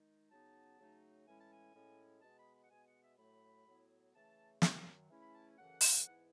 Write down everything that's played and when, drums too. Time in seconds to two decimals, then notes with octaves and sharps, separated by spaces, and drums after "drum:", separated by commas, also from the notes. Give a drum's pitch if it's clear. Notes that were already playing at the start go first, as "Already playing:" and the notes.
Already playing: D#3 G#3 D#4
0.30 C#3 F#3 B3 D#4 A5
0.79 C#3 F#3 A3 D#4
1.26 A2 E3 G#3 C#4 E4 G#5
1.40 A5
1.52 G#5
1.74 A2 G#3 C#4 E4
2.22 B2 G#3 B3 A5
2.38 B5
2.54 B5
2.62 F#5
2.70 B2 G#3 B3 G#5
2.86 F#5
3.02 E5
3.18 A2 F#3 A3 B5
3.66 A2 F#3 B3 E4
4.14 C#3 E3 A3 A5
4.62 F#2 D#3 F#3, drum: snare
5.10 C#3 E3 A3 C#4 E4
5.22 B5
5.34 A5
5.45 G#5
5.57 F#2 C#3 E3 A3 F#5
5.81 drum: open hi-hat
6.05 G#2 E3 B3 E4